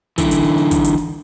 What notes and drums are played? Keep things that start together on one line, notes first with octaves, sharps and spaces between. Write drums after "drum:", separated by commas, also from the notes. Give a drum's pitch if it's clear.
D3 E3, drum: kick, hi-hat
drum: hi-hat
drum: open hi-hat
drum: open hi-hat
drum: kick, hi-hat
drum: hi-hat
drum: open hi-hat